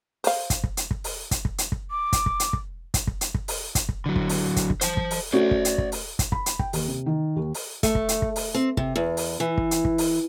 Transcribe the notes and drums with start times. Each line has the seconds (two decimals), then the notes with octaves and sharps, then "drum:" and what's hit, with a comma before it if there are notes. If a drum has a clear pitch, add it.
0.24 C5 F5, drum: open hi-hat
0.50 drum: kick, hi-hat
0.64 drum: kick
0.77 drum: hi-hat
0.91 drum: kick
1.04 drum: open hi-hat
1.31 drum: kick, hi-hat
1.45 drum: kick
1.58 drum: hi-hat
1.72 drum: kick
1.91 D6
2.13 drum: kick, hi-hat
2.26 drum: kick
2.40 drum: hi-hat
2.53 drum: kick
2.94 drum: kick, hi-hat
3.07 drum: kick
3.21 drum: hi-hat
3.34 drum: kick
3.48 drum: open hi-hat
3.75 drum: kick, hi-hat
3.89 drum: kick
4.06 D3 F#3
4.16 drum: kick
4.29 drum: open hi-hat
4.56 drum: kick, hi-hat
4.70 drum: kick
4.81 C5 A5, drum: hi-hat
4.97 drum: kick
5.11 drum: open hi-hat
5.33 A3 C#4 F#4 C5 D5
5.51 drum: kick
5.65 drum: hi-hat
5.78 drum: kick
5.92 drum: open hi-hat
6.19 drum: kick, hi-hat
6.32 B5, drum: kick
6.46 drum: hi-hat
6.59 G5, drum: kick
6.73 D#2, drum: open hi-hat
6.88 C3
7.06 D#3
7.36 D#2
7.54 drum: open hi-hat
7.83 A3, drum: kick, hi-hat
7.95 drum: kick
8.09 drum: hi-hat
8.22 drum: kick
8.36 drum: open hi-hat
8.54 C4
8.77 C3, drum: kick
8.96 E2
9.17 drum: open hi-hat
9.40 E3
9.58 drum: kick
9.71 drum: hi-hat
9.85 drum: kick
9.98 drum: open hi-hat